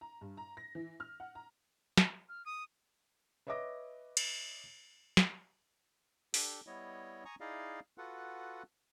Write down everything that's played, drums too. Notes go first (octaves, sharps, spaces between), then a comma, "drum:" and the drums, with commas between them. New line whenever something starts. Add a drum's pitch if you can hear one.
A#5
G2
A#5
A#6
E3
F6
F#5
A#5
drum: snare
F6
D#6 D#7
B4 C#5 D#5 E5 D6 A#6
drum: cymbal
drum: snare
D4 G4 A4, drum: open hi-hat
G3 B3 E4 C#5 D#5
G#5 A#5 C#6 D#6
D#4 E4 G#4 D5 D#5 F5
F4 F#4 A4 B4 F#5